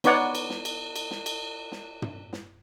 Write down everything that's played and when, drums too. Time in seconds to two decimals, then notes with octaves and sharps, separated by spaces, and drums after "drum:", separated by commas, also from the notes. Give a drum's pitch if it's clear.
0.04 B3 D#4 C#5 D5 F#5, drum: cymbal
0.35 drum: cymbal
0.50 drum: snare
0.65 drum: cymbal
0.96 drum: cymbal
1.11 drum: snare
1.26 drum: cymbal
1.72 drum: snare
2.02 drum: tom
2.33 drum: snare